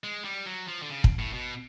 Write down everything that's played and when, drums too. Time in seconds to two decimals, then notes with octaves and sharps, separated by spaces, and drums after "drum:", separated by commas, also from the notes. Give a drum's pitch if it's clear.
0.04 G#3
0.24 G3
0.46 F#3
0.68 F3
0.83 D3
0.90 C#3
1.04 drum: kick
1.19 A2
1.33 B2